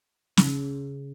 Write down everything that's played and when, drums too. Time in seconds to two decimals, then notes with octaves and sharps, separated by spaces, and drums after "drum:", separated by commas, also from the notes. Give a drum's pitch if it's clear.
0.37 C#3, drum: snare